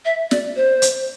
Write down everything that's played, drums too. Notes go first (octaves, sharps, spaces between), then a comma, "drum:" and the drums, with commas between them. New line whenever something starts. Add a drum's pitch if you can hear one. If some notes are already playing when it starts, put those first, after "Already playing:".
E5
D5, drum: snare
C5
drum: hi-hat